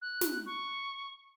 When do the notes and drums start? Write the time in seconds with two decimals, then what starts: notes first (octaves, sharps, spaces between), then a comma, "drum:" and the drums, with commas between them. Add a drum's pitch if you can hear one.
0.02 F#6
0.21 drum: snare
0.46 C#6